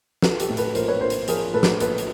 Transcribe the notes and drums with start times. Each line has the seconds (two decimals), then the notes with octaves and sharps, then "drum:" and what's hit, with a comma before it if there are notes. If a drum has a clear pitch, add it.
0.22 F3 A4 B4, drum: snare
0.40 G4 A4, drum: hi-hat
0.49 A2
0.57 A4 B4, drum: hi-hat
0.75 A#1 A#4 C5, drum: hi-hat
0.88 B4 C#5
1.01 A#1 A#4 C5
1.10 drum: hi-hat
1.28 F3 G#4 A#4, drum: hi-hat
1.54 A2 A4 B4
1.63 drum: snare
1.80 A#1 A4 B4, drum: hi-hat
1.98 drum: hi-hat